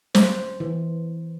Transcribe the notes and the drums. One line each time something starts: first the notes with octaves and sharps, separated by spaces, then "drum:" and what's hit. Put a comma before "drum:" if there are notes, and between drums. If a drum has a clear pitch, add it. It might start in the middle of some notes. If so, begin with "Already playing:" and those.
C5, drum: snare
E3